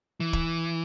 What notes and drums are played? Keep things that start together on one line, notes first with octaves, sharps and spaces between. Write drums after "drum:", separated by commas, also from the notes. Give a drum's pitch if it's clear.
E3
drum: kick